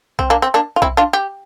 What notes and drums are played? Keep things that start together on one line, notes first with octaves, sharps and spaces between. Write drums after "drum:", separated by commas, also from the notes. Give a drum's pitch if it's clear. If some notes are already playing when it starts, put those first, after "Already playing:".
C4, drum: kick B1
A#3 D4
C4
A#3 D4
F4
C4 E4, drum: kick B1
D4 F4
G4